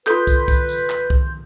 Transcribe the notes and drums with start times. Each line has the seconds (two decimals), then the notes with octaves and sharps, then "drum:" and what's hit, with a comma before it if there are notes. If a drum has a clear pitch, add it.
0.07 F4 A4 B4 C6 G6, drum: clap
0.27 drum: kick, tambourine
0.48 drum: kick, tambourine
0.69 drum: tambourine
0.89 drum: clap
1.10 drum: kick